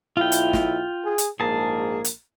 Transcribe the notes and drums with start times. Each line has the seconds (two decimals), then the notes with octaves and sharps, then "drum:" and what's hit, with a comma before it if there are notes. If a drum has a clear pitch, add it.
0.17 B1 E4 F4 G5
0.32 drum: hi-hat
0.53 drum: snare
1.04 G#4
1.18 drum: hi-hat
1.40 A#1 G#2 A#3 G#4 A5
2.05 drum: hi-hat